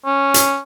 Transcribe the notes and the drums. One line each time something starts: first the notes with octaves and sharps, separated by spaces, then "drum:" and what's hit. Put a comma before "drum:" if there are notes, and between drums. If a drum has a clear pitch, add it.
C#4
drum: hi-hat